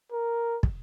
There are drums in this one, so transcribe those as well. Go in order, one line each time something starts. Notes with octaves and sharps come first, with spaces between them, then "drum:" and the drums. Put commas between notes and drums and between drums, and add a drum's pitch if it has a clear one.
A#4
drum: kick